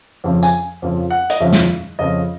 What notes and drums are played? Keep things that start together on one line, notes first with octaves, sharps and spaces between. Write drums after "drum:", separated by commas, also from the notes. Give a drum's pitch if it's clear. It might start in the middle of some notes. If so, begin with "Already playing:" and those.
F2 C#3 F3
G#5, drum: tambourine
F2 C#3 F3
F#5
D#5, drum: hi-hat
F2 C#3 F3 E5
drum: snare
F2 C#3 F3 D#5